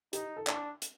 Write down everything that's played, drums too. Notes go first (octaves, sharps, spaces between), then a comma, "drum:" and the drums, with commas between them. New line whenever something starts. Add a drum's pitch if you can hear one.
D#4 G4, drum: hi-hat
A4
D4 D5, drum: clap
drum: hi-hat